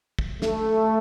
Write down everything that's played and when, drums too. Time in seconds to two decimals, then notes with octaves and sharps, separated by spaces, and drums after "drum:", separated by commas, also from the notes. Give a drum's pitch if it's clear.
0.19 drum: kick
0.42 A3, drum: snare